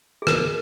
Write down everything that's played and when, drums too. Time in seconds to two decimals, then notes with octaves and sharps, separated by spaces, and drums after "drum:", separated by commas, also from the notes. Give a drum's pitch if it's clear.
0.22 G#4
0.27 A#4, drum: rim click